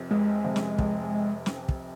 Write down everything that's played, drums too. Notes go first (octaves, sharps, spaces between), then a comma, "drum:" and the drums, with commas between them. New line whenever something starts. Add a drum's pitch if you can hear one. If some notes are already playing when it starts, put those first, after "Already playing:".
Already playing: F1 F2 C3
F1 G#3
F2 C3
drum: snare
F1, drum: kick
drum: snare
drum: kick